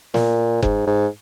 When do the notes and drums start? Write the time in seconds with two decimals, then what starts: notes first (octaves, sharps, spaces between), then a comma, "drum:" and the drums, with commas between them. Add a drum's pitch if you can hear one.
0.14 A#2, drum: snare
0.62 G#2, drum: kick F#1
0.87 G#2